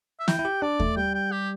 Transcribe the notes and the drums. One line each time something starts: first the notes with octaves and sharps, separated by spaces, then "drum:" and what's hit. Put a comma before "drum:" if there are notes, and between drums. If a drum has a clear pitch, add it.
E5
E4 G5, drum: snare
E4
G4
D4 D5
A3, drum: kick D#2
G3 G5
G5
G4